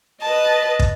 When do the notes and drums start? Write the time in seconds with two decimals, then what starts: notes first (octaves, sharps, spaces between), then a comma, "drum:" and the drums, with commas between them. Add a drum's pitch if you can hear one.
0.22 B4 D#5 A5
0.79 drum: kick